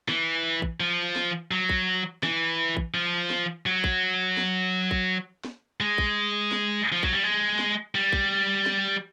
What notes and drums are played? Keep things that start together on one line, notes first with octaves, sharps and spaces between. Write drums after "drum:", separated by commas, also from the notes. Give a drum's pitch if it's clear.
E3, drum: snare
drum: kick
F3
drum: snare
F#3
drum: kick
E3, drum: snare
drum: kick
F3
drum: snare
F#3
drum: kick
drum: snare
drum: kick
drum: snare
G#3
drum: kick
drum: snare
F3
F#3, drum: kick
G3
G#3
drum: snare
G3
drum: kick
drum: snare